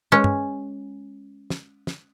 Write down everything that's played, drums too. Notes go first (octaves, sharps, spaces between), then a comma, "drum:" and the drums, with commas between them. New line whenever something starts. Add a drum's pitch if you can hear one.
G#3 C#4
drum: tom G2
drum: snare
drum: snare